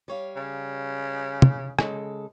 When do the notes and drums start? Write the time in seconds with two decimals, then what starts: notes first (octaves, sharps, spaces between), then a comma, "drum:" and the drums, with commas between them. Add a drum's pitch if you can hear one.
0.08 G3 C#5 F5
0.36 C#3
1.42 drum: tom
1.79 C#3 G#3 A4, drum: rim click